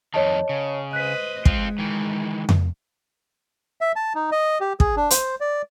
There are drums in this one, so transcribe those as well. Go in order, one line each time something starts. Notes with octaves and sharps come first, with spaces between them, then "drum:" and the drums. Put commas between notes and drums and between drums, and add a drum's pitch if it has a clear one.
F2 D#3 C#5 D#5 A5
C#3
B4 C5 D#5 F#6 B6
G#3 C4 F4, drum: kick
D#3 E3
drum: tom F2
E5
A5
D#4
D#5
G4
G#4, drum: kick
D4
C5, drum: hi-hat
D5